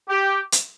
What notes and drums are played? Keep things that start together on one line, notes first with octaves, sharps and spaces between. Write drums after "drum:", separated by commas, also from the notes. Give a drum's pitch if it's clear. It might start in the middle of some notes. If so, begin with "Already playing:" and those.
G4
drum: hi-hat